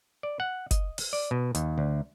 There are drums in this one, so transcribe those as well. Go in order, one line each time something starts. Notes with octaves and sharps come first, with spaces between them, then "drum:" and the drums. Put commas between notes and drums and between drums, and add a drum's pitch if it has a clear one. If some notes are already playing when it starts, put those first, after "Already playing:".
D5
F#5
D#5, drum: kick F#1, hi-hat
drum: open hi-hat
D5
B2
D#2, drum: hi-hat
D2